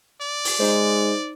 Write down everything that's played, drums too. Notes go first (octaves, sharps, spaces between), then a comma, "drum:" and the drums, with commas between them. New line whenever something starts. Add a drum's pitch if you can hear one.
D5
drum: open hi-hat
G#3 D#4 C5